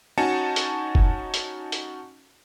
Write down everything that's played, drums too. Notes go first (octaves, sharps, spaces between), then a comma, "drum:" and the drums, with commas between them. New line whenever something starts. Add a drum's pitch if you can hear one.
C#4 D#4 F#4 G#5 A5 C#7
drum: hi-hat
drum: kick F1
drum: hi-hat
drum: hi-hat